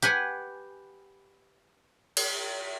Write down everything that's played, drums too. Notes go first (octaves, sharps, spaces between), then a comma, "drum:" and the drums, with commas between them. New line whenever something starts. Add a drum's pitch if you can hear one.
G4 B4 F#5 G#5, drum: hi-hat
drum: cymbal